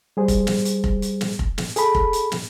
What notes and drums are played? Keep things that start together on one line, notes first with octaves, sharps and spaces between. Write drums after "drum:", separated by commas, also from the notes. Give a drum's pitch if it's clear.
G3 G#4 C5
drum: kick F1, hi-hat
drum: snare
drum: hi-hat
drum: kick F1
drum: hi-hat
drum: snare
drum: kick F1
drum: snare
G#4 A4 B5, drum: hi-hat
drum: kick F1
drum: hi-hat
drum: snare